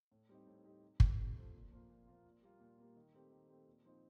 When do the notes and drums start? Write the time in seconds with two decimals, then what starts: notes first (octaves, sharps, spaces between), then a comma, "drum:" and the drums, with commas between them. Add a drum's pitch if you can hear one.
0.12 A2
0.29 G3 C4 D#4 G4
0.47 A2
0.64 G3 C4 D#4 G4
0.83 C3
1.00 F3 A3, drum: kick
1.18 C3
1.36 F3 A3
1.54 A#2
1.72 F3 A#3 F4
1.89 A#2
2.07 F3 A#3 F4
2.25 A#2
2.42 G3 A#3 F4
2.60 A#2
2.78 G3 A#3 F4
2.96 D#3
3.13 A3 C4 G4
3.31 D#3
3.49 A3 C4 G4
3.67 A#2
3.85 F3 C4 D#4